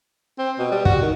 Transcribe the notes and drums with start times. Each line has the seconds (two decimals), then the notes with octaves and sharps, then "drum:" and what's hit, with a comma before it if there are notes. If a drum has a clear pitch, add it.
0.39 C4
0.59 B2
0.71 G3
0.85 F#4, drum: kick
1.02 D#3